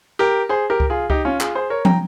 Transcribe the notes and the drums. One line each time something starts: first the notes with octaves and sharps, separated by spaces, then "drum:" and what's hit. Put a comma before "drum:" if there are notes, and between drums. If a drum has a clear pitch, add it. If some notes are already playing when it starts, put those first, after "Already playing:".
G4 A#4
G#4 C5
G4 A#4
drum: kick C#2
F4 G#4
D#4 G4, drum: kick C#2
C#4 F4
F4 G#4, drum: clap
G#4 C5
A#4 C#5
G5 A#5, drum: tom